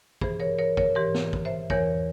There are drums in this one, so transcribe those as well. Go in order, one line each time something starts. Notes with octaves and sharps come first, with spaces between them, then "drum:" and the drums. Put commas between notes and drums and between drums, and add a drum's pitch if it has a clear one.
G2 E3 G#4 C5, drum: kick
A#4 C#5
A#4 C#5
A#4 C#5, drum: kick
G#2 E3 G4 A#4
drum: snare
drum: kick
C5 E5
E2 E3 A#4 C#5, drum: kick